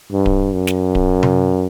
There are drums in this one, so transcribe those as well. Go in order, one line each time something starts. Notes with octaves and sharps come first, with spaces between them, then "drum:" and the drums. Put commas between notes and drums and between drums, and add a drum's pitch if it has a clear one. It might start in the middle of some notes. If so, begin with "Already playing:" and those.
G2
drum: kick D1
F#2
drum: snare
drum: kick D1
drum: tom C3